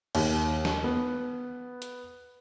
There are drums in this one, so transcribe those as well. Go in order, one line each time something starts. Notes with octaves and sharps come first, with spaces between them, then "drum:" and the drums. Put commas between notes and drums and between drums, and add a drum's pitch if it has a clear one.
D#2, drum: cymbal
drum: snare
B3
drum: hi-hat